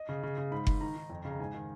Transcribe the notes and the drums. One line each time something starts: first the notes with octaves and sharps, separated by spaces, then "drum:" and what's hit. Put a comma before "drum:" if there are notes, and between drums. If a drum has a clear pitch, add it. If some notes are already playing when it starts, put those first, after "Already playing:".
Already playing: D#5
C#3
C#3
C#3
G#2 B5
G#2, drum: kick F#1
D#3 A#5
D#3
F2
C#3
A#5
G#2 G#5
D#3